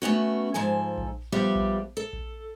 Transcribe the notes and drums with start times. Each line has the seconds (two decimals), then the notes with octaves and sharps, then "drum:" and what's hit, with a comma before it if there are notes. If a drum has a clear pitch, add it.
0.02 A3 B3 C#4 F#4
0.54 G#2 F3 A4 G#5
0.98 drum: kick A#1
1.32 F3 G3 B3 G4 D5 E5
1.56 drum: kick A#1
1.97 A4
2.13 drum: kick A#1